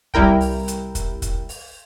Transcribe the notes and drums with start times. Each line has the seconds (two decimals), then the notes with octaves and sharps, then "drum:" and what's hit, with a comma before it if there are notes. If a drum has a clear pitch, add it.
0.14 C2 G3 E4 A#4 G5, drum: kick
0.41 drum: open hi-hat
0.68 drum: hi-hat
0.95 drum: kick, hi-hat
1.22 drum: kick, hi-hat
1.49 drum: open hi-hat